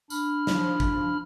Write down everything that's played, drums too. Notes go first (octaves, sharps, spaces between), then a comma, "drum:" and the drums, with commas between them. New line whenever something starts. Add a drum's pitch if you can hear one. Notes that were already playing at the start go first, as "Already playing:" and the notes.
D4 B5 F6, drum: tambourine
F3, drum: snare
drum: kick